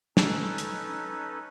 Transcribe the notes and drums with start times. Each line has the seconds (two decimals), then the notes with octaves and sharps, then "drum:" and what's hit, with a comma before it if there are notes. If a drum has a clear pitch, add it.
0.17 C#4 D#4 A4 B4, drum: snare
0.58 drum: hi-hat